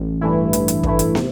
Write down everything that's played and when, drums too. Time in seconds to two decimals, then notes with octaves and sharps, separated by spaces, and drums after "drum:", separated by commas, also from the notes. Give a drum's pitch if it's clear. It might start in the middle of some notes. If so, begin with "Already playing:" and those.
Already playing: A1
0.21 G2 E3 A3 E4
0.53 A1, drum: hi-hat
0.68 drum: hi-hat
0.83 G2 E3 A3 E4, drum: kick
0.99 drum: hi-hat
1.15 C3, drum: snare